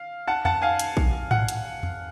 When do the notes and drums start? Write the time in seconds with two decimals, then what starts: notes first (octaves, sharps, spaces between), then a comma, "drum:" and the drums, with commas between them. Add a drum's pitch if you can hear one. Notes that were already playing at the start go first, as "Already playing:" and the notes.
Already playing: F5
0.27 F#5 A5
0.45 F#5 A5, drum: tom E2
0.62 F5 G#5
0.79 drum: hi-hat
0.97 drum: kick
1.31 F#5, drum: tom G#2
1.48 drum: hi-hat
1.83 drum: tom E2